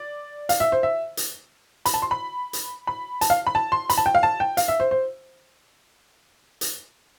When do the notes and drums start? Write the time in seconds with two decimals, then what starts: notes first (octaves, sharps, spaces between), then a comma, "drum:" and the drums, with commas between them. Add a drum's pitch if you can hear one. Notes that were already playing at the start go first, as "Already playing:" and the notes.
Already playing: D5
0.49 F5, drum: hi-hat
0.60 E5
0.72 C5
0.83 E5
1.17 drum: hi-hat
1.86 B5, drum: hi-hat
1.94 A5
2.02 C6
2.11 B5
2.53 drum: hi-hat
2.87 B5
3.21 A5, drum: hi-hat
3.30 F5
3.47 B5
3.55 A5
3.72 C6
3.90 B5, drum: hi-hat
3.98 A5
4.06 G5
4.15 F5
4.23 A5
4.40 G5
4.57 F5, drum: hi-hat
4.68 E5
4.80 C5
4.91 C5
6.61 drum: hi-hat